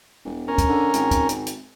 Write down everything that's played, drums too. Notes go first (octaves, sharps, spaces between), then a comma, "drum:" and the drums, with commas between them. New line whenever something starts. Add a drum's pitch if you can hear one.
E1
C#4 A#4
drum: kick, hi-hat
D3
G#1, drum: hi-hat
drum: kick, hi-hat
drum: hi-hat
drum: hi-hat